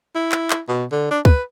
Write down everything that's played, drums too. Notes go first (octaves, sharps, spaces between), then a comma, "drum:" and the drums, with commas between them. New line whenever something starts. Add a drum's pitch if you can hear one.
E4
drum: clap
drum: clap
B2
D3
D4
B4, drum: kick